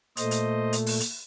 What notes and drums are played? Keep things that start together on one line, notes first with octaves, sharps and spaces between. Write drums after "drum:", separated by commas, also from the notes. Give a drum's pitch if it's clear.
A#2 A3 C5 D#5, drum: hi-hat
drum: hi-hat
drum: hi-hat
drum: open hi-hat
drum: hi-hat